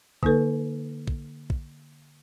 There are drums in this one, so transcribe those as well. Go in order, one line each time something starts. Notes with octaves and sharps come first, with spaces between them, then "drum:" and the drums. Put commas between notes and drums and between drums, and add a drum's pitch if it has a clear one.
D3 A#3 D#4 A4 B4, drum: kick
drum: kick
drum: kick